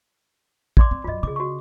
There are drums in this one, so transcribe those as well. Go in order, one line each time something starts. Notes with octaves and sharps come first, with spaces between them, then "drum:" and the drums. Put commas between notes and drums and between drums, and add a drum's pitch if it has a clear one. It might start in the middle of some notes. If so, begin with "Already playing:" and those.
D5 C6 D6, drum: kick
C4
A#1 F#2 F4 D#5
C#3 G#4 D6
F#4 C#6